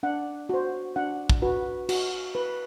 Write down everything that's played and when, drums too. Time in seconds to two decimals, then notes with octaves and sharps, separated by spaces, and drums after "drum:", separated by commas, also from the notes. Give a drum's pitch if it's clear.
0.03 D4 F#5
0.49 F#4 C5
0.96 D4 F#5
1.30 drum: kick
1.42 F#4 B4
1.89 F#4, drum: cymbal
2.35 B4